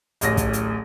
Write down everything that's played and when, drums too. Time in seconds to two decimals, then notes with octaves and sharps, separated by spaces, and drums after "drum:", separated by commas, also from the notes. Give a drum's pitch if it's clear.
0.21 D1 A1 A#6, drum: hi-hat
0.37 drum: kick, hi-hat
0.53 drum: hi-hat